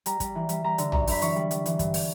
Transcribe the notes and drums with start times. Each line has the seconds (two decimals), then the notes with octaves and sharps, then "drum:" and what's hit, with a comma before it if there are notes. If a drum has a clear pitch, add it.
0.06 G3 A#5, drum: hi-hat
0.20 G3, drum: kick, hi-hat
0.35 E3
0.49 G3, drum: hi-hat
0.64 G3 A#5
0.78 D3, drum: hi-hat
0.92 F#2 A#5, drum: tom A#1
1.08 D3 B5, drum: open hi-hat
1.21 E3 C#6, drum: hi-hat
1.36 G3
1.51 G3, drum: hi-hat
1.66 E3, drum: hi-hat
1.79 G2, drum: kick, hi-hat
1.94 drum: open hi-hat